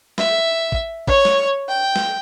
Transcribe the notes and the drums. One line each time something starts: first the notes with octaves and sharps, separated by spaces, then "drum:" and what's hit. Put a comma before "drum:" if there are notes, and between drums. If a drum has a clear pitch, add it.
E5, drum: snare
drum: kick
C#5, drum: kick
drum: snare
G5
drum: snare